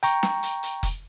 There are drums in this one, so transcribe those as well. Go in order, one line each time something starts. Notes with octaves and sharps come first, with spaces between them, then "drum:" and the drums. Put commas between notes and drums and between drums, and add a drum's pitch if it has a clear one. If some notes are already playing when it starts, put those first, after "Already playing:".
G5 A#5 C#6, drum: hi-hat
drum: snare
drum: hi-hat
drum: hi-hat
drum: kick F1, hi-hat